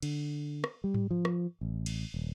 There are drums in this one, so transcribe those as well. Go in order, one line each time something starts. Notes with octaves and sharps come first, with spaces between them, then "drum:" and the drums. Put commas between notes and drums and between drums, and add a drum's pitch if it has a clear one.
D3, drum: cymbal
drum: rim click
G3
drum: tom G#2
F3
drum: rim click
A1
drum: cymbal
D#1